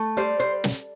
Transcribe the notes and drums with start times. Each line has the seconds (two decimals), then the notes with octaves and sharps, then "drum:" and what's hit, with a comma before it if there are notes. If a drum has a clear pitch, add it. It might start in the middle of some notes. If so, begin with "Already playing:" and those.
Already playing: A3
0.17 G3 C5
0.40 C5
0.64 drum: snare